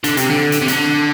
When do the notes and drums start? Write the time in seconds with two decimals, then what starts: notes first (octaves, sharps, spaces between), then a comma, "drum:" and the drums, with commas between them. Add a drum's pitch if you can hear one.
0.04 D3, drum: hi-hat
0.17 C3, drum: hi-hat
0.30 D3
0.52 drum: hi-hat
0.62 C3
0.68 D3, drum: hi-hat